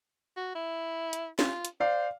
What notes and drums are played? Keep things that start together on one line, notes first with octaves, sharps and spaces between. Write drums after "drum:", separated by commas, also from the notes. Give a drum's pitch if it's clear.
F#4
E4
drum: hi-hat
F4, drum: snare
drum: hi-hat
C5 D5 F5